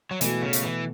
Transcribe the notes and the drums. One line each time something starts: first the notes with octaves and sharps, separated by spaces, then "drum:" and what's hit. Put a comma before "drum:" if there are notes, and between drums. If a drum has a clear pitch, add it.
F#3
B2 E3 A3 F#4, drum: hi-hat
C#3
drum: hi-hat
E3